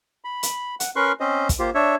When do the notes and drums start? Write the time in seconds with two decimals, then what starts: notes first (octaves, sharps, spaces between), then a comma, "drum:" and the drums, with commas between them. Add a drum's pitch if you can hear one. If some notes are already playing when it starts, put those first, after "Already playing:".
0.24 B5
0.43 drum: hi-hat
0.80 F#5, drum: hi-hat
0.96 C#4 A#4 B4 C6 C#6 F#6
1.20 C4 C#4 C5 D#5
1.49 drum: kick, hi-hat
1.59 A#3 F4 G4 C5
1.75 D4 C#5 E5